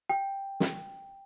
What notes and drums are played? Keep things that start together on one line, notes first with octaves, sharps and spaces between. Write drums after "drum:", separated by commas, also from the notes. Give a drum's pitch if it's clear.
G5
drum: snare